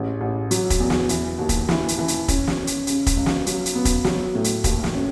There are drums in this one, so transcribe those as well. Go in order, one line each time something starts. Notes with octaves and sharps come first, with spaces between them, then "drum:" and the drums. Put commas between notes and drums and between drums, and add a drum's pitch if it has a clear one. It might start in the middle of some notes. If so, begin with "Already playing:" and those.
Already playing: A1 G#3
A1
F#3, drum: hi-hat
drum: kick, hi-hat
E2
drum: snare
E3, drum: hi-hat
D#2
drum: kick, hi-hat
E3, drum: snare
drum: hi-hat
E3
drum: hi-hat
C#4, drum: kick, hi-hat
drum: snare
C#4
drum: hi-hat
C#3, drum: hi-hat
drum: kick, hi-hat
C#2
drum: snare
F#3, drum: hi-hat
drum: hi-hat
B3
drum: kick, hi-hat
F#3, drum: snare
A2
drum: hi-hat
D#2, drum: kick, hi-hat
drum: snare
C#4